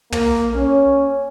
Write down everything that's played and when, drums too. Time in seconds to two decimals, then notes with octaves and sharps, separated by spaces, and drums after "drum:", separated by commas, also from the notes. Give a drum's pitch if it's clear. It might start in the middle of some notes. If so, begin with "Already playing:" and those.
0.12 A#3, drum: tom
0.54 C#4